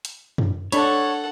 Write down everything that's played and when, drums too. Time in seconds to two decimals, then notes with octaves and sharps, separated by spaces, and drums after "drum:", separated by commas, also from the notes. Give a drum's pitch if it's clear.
0.05 drum: hi-hat
0.38 drum: tom F#2
0.72 D4 A4 C#5 F#5 B5, drum: hi-hat